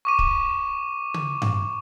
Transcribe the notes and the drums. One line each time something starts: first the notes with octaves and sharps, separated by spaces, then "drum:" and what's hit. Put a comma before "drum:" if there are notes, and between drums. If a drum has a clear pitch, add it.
C#6 D6 D#7
drum: kick
drum: tom
drum: tom G2